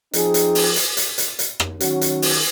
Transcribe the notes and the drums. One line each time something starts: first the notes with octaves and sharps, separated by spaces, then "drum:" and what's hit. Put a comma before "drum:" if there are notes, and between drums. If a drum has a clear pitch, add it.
F3 C4 D#4 G#4, drum: hi-hat
drum: hi-hat
drum: open hi-hat
drum: hi-hat
drum: hi-hat
drum: hi-hat
drum: hi-hat
drum: rim click
D#3 F#3 C#4 F#4, drum: hi-hat
drum: hi-hat
drum: open hi-hat